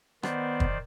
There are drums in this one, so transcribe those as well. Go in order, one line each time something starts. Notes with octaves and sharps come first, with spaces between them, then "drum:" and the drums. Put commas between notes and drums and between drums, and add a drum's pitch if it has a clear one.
D#3 B3 C5 D5, drum: rim click
drum: kick